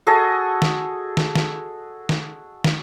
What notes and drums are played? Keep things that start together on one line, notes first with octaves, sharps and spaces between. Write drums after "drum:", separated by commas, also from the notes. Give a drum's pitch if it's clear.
F#4 G#4 A4 D#5
drum: snare
drum: snare
drum: snare
drum: snare
drum: snare